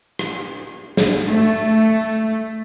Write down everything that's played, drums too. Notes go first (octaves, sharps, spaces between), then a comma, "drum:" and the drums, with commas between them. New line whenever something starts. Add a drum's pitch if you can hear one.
drum: rim click
drum: snare
A3